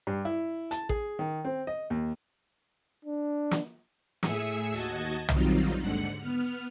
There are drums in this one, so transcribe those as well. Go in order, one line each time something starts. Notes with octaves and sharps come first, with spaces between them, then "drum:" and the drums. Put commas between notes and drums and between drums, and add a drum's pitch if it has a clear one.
G2
E4
A5, drum: hi-hat
G#4, drum: kick A1
D#3
C4
D#5
D#2
D4
drum: snare
A2 G#4 E5 G#5 E6 C#7, drum: snare
D#2 F#4 D#5 A5 G#6
D#3 F#3 G3 C4 D#4 F4, drum: tom B1
D#2 G#2 D3 F#5 F#6 C#7
B3 F6